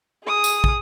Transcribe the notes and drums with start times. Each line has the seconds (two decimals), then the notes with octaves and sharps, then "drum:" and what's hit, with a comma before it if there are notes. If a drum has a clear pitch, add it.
0.24 G#4 D#6
0.44 drum: tambourine
0.64 drum: kick